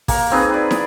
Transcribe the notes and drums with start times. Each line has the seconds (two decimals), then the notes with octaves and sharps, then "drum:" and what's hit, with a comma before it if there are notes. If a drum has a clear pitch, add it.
0.08 A#3, drum: kick, open hi-hat
0.31 C4 D#4 G#4 B4
0.50 B4 D5
0.71 drum: snare